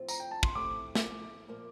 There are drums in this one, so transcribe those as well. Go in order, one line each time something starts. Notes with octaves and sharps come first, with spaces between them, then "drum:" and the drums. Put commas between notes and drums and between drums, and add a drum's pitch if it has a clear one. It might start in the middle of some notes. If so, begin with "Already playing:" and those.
Already playing: A2 F3 C4 F4
A#5, drum: tambourine
G5
A5
C6, drum: kick
C3 F3 A3 E4 D6
drum: snare
A#2 F3 A#3